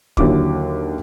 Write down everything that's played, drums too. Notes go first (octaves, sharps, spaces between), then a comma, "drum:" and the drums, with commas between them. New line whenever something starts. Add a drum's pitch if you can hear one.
D#2 D3 F#3 E4 D6, drum: kick